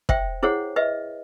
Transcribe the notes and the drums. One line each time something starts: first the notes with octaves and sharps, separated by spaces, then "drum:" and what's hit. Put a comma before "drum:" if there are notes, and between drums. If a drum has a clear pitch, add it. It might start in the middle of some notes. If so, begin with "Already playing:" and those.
C5 E5 G5, drum: kick
E4 G#4 C5 C#5 F#5
B4 D#5 E5